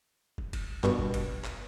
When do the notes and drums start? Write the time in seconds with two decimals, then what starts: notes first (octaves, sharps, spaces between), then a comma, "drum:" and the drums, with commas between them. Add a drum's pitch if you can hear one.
0.38 drum: kick
0.53 drum: kick, cymbal
0.84 G2 B2, drum: clap
0.99 drum: kick
1.14 drum: kick, cymbal
1.44 drum: clap